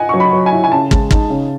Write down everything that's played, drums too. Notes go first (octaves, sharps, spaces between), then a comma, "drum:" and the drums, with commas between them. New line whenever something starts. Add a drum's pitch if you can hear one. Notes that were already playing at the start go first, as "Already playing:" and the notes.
Already playing: D#5 F#5 G#5
F#3 C#6
B5
F#3
G#5
E4
G#5
C#3 A5
G#3, drum: kick
D#4, drum: kick
C#3